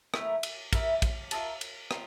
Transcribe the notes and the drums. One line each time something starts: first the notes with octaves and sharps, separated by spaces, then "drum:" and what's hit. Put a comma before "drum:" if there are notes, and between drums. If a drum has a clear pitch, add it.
A3 E4 A#4, drum: rim click
drum: cymbal
E4 A#4 E5, drum: kick, cymbal
drum: kick, cymbal
F4 A#4 E5 A5, drum: cymbal
drum: cymbal
F4 A#4, drum: rim click